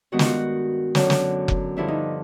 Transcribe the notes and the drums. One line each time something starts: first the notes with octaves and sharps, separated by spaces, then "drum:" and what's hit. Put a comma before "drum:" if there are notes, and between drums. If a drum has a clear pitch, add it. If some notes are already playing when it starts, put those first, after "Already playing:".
G2 D#3 G#3 B3 F#4
F4, drum: snare
F#4
F#2 D3 F#3, drum: snare
drum: snare
drum: kick F1
G2 D3 F3 E4
D#4